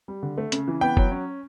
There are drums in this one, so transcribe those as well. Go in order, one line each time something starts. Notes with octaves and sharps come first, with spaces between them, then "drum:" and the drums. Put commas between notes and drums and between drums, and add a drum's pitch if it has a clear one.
G3
D3
A3
C#3, drum: hi-hat
E3
B3 G5
F#3, drum: kick F#1
C#4